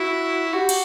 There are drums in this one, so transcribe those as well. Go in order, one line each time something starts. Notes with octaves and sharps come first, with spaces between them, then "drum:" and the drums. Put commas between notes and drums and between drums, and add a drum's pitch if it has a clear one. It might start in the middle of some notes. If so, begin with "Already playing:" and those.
Already playing: E4 F#4
F#4 G4
drum: cymbal